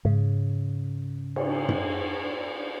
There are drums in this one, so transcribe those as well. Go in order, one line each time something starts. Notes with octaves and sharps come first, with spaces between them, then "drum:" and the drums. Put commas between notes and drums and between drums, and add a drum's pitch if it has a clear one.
G#2 C#3
drum: cymbal
drum: tom F#2